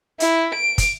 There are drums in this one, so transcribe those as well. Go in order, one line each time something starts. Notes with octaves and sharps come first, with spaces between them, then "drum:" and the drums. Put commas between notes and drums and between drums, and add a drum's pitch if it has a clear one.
E4, drum: hi-hat
D7
drum: kick, hi-hat